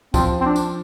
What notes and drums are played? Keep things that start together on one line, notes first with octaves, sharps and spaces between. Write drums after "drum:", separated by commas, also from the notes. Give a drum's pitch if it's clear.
F3 C4, drum: kick, tambourine
C4
D4
drum: tambourine